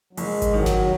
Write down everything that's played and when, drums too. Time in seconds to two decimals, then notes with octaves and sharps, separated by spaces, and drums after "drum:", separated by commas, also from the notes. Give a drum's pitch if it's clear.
0.13 F#3
0.17 F#1 G#3, drum: open hi-hat
0.42 drum: kick G#1, hi-hat
0.54 D#3 F#3
0.66 drum: snare G1